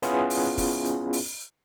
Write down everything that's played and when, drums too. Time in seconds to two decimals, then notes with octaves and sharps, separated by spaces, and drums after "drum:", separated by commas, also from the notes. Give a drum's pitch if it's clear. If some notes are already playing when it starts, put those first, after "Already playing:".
0.02 B3 C#4 E4 F4 G#4 B4, drum: hi-hat
0.30 drum: open hi-hat
0.58 drum: kick, open hi-hat
0.85 drum: hi-hat
1.13 drum: open hi-hat